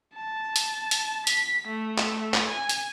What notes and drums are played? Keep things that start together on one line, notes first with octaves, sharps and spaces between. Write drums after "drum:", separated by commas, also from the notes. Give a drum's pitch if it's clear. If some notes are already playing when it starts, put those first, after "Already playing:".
A5
drum: hi-hat
drum: hi-hat
B6, drum: hi-hat
A3
drum: clap
drum: clap
G#5
drum: hi-hat